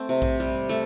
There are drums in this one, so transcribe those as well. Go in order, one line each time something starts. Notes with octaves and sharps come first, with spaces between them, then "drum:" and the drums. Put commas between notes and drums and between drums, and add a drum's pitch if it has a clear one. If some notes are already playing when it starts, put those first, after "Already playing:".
Already playing: A3 C4
C3
drum: kick
G3
A3